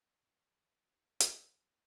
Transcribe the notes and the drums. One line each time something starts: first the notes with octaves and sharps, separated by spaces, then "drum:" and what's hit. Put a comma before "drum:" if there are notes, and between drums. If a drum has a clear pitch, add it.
A4
F4
G4
F4
drum: hi-hat
D#4